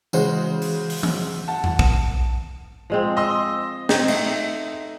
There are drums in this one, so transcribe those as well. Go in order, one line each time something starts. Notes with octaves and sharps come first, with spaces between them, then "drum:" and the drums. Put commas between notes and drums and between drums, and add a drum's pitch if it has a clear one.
C#3 E3 G#3 F#4 C5, drum: tambourine
drum: open hi-hat
drum: open hi-hat
drum: tom E3
F#5 A5
drum: tom E2
drum: kick
F3 G#3 C4
D#5 C6 E6
D#4 G5, drum: snare
A3, drum: cymbal